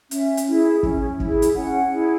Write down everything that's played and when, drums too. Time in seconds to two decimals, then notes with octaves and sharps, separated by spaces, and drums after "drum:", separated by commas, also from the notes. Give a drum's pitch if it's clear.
0.11 C#4 E5, drum: hi-hat
0.37 drum: hi-hat
0.47 E4 G#4
0.83 C#4, drum: kick
1.20 E4 G#4, drum: kick
1.42 drum: hi-hat
1.55 C#4 F#5
1.92 E4 G#4